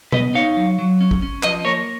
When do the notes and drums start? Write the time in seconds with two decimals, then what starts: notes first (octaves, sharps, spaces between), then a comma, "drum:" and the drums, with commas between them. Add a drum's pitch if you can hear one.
0.12 B3 B4 D#5, drum: tom B2
0.35 D#4 C#5 F5
0.57 F#3
0.79 F#3
1.01 C#4
1.11 drum: kick
1.22 C#4
1.43 F3 B4 D#5, drum: clap
1.65 A#3 A#4 C#5